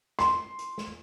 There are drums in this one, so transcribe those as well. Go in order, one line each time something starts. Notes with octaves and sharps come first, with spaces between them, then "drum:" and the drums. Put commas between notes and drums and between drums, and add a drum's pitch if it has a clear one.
C6, drum: snare
drum: hi-hat
drum: snare